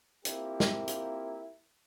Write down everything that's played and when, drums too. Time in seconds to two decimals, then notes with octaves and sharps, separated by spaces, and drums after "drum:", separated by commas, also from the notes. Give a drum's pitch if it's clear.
0.25 A#3 C4 E4 F4 G4 A#4, drum: hi-hat
0.60 drum: snare
0.88 drum: hi-hat